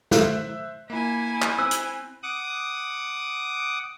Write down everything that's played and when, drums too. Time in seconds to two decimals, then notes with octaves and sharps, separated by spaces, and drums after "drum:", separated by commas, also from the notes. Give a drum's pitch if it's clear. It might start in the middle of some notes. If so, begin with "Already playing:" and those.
0.11 C5 E5 F#6, drum: snare
0.90 A#3 E4 G#5
1.42 drum: clap
1.58 C4 E6 F#6
1.71 drum: hi-hat
2.23 F#5 D6 D#6